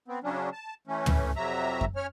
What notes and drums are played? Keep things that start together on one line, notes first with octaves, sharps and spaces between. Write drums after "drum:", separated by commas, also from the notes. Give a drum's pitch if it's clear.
B3 C4
C#3 F#3 C#4 D4
A5
E3 A3 C#4
drum: tom
F2 C3 F#3 E5 A#5
drum: kick F#2
C#4 C#5 F6